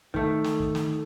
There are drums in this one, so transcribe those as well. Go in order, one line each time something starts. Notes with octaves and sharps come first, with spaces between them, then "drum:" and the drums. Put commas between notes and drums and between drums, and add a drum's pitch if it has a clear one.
D#3 A3, drum: kick
drum: snare
drum: kick
drum: snare